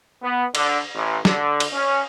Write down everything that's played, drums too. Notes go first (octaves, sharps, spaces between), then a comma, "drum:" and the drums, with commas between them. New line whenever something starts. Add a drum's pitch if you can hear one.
B3
D3, drum: cymbal
A1
D3, drum: snare
drum: cymbal
C#4